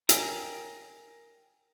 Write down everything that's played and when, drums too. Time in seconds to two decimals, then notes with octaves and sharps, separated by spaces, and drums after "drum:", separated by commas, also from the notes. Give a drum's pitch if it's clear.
0.09 A#4 G5 G#5 A#5, drum: hi-hat